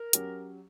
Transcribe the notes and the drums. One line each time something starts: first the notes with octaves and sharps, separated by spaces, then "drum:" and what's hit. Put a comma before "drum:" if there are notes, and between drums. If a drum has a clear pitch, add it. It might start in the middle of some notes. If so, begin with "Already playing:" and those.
Already playing: A#4
F#3 C#4 G4, drum: hi-hat